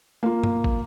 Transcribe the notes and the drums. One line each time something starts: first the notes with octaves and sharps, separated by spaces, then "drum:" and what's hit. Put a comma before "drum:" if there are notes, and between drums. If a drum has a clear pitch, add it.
A#3 F4
drum: tom G2
drum: kick